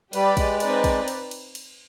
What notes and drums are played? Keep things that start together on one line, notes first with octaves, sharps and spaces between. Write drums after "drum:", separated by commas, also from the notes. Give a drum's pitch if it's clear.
G3 G4 B4 D5, drum: cymbal
G#3, drum: kick, cymbal
C4 D#4 B4 D5, drum: cymbal
drum: kick, cymbal
drum: cymbal
drum: cymbal
drum: cymbal